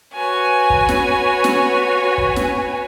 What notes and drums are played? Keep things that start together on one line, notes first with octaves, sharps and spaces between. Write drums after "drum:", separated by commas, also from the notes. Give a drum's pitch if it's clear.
F#4 B4 C#5 G#5
drum: kick
drum: snare
drum: snare
drum: kick
drum: snare